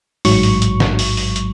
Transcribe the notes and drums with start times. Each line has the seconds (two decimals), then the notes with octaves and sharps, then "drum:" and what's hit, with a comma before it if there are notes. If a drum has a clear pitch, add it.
0.25 A1 G#2 F#3 C#6, drum: open hi-hat
0.43 drum: open hi-hat
0.62 drum: hi-hat
0.80 drum: snare
0.99 drum: open hi-hat
1.17 drum: open hi-hat
1.36 drum: hi-hat